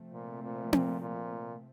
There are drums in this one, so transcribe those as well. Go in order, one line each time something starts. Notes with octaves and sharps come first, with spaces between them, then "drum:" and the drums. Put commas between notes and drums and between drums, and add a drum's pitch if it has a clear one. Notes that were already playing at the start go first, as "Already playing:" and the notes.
Already playing: C3 F3 A3 C4
A#2
A#2
A#2, drum: tom C4
A#2